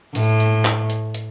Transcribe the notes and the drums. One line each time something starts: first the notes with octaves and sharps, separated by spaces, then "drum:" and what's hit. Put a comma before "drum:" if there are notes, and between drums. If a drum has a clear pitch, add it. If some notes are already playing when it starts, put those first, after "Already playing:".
A2, drum: open hi-hat
drum: hi-hat
drum: clap
drum: hi-hat
drum: hi-hat